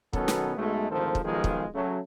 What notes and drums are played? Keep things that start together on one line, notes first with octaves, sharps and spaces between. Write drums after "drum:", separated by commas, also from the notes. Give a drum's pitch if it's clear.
B2 D#3 F#3 B3 C#4 A4, drum: kick
drum: snare
B1 G#3 A3
G#1 D2 D#3 F3 A4 C5
drum: kick
B1 D#3 F3 G#3 F4 G#4
drum: kick
C#3 F#3 A3